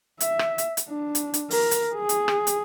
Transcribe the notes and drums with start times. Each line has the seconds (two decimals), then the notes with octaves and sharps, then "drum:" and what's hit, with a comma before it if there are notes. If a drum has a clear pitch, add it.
0.20 E5, drum: hi-hat
0.39 drum: rim click
0.58 drum: hi-hat
0.77 drum: hi-hat
0.89 D4
1.15 drum: hi-hat
1.34 drum: hi-hat
1.51 A#4, drum: open hi-hat
1.71 drum: hi-hat
1.94 G#4
2.09 drum: hi-hat
2.28 drum: rim click
2.47 drum: hi-hat